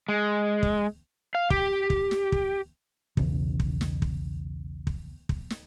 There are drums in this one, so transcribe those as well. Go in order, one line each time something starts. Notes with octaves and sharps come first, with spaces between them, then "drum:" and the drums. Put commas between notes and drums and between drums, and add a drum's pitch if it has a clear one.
G#3
drum: kick
F5
G4, drum: kick
drum: kick
drum: snare
drum: kick
B1 E2 C#3, drum: kick
drum: kick
drum: snare
drum: kick
drum: kick
drum: kick
drum: snare